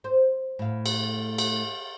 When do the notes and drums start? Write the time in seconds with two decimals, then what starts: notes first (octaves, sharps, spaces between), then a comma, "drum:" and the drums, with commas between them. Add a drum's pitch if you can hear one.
0.04 C5
0.59 A2 F5
0.86 drum: cymbal
1.38 drum: cymbal